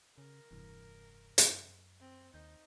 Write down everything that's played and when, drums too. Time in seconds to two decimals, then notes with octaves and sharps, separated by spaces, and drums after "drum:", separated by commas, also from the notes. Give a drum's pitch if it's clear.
0.18 C#3 A#4
0.51 E1 G2 C3 E3
1.38 F#2, drum: hi-hat
2.00 C4
2.34 D#2 D#4 G6